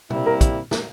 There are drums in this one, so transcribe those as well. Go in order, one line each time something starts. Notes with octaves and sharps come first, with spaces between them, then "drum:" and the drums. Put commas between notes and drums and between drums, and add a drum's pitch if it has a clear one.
C3 G3 A#3 E4, drum: tom B2
A#4
drum: kick, hi-hat
drum: snare